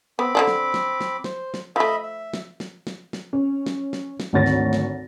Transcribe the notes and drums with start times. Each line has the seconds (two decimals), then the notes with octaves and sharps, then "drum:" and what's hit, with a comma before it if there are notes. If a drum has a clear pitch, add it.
0.19 B3 C4 B5 D6
0.35 D3 D4 D5
0.47 drum: snare
0.74 drum: snare
1.01 drum: snare
1.24 C5, drum: snare
1.54 drum: snare
1.76 F3 A3 D#5 E5 B5
2.03 E5
2.34 drum: snare
2.60 drum: snare
2.87 drum: snare
3.13 drum: snare
3.33 C#4
3.66 drum: snare
3.93 drum: snare
4.20 drum: snare
4.33 G#1 D2 C#5 A6 A#6
4.46 drum: snare
4.73 drum: snare